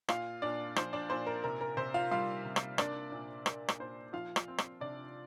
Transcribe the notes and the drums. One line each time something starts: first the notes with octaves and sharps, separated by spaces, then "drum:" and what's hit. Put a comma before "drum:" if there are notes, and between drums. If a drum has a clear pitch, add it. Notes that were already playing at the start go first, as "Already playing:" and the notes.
A#2 F4 F5, drum: rim click
A#2 D4 D5
F3 C5, drum: rim click
D4 D5
A#2 C5
A#4
C3 A#4
A#4
C3 C5
F4 F5
G3 F4 F5
C3
drum: rim click
A#3 D4 D5, drum: rim click
A#2
A#3, drum: rim click
drum: rim click
A#2 C5
F3 F4 F5
drum: rim click
C4
drum: rim click
C3 D4 D5